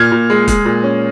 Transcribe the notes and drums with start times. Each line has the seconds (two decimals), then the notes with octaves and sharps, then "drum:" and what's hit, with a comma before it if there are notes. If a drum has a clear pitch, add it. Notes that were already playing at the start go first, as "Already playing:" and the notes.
Already playing: A#2 F6 G#6
0.12 A#2
0.30 G#3
0.48 G#3, drum: kick, hi-hat
0.65 A#2
0.83 C#4